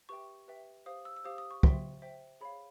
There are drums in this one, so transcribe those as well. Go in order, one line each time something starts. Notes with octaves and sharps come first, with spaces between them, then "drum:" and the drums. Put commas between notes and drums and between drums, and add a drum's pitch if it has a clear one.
G4 B4 E5 G5 C#6
G4 B4 E5 G5
G4 C5 F5 D#6
E6
E6
G4 C5 F5 D#6
D#6
C#6
C5 E5 G5 C6, drum: kick
C5 E5 G5
G#4 C#5 F5 B5